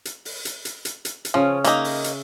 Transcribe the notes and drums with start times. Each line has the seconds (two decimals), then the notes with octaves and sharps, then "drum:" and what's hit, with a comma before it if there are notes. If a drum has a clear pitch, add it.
0.05 drum: hi-hat
0.25 drum: open hi-hat
0.45 drum: hi-hat
0.65 drum: hi-hat
0.85 drum: hi-hat
1.05 drum: hi-hat
1.25 drum: hi-hat
1.34 C#3 F3 C#4
1.64 A#3 D#4 E5, drum: hi-hat
1.84 drum: open hi-hat
2.04 drum: hi-hat